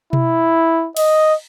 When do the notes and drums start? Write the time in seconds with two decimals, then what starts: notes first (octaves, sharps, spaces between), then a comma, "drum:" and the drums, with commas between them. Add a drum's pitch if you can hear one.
0.13 E4, drum: tom B2
0.97 D#5, drum: cymbal